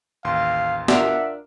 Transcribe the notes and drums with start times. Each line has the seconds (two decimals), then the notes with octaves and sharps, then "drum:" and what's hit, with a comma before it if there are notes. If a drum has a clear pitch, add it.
0.24 A1 D#2 F5 C6
0.88 D4 F4 A#4 E5 F#5, drum: snare